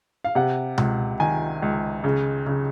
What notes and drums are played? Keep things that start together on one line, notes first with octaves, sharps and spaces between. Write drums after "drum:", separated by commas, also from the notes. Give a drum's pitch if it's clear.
F5
C3 F#5
C#2, drum: tom B2
D#3 G#5
C#2
C#3
C#3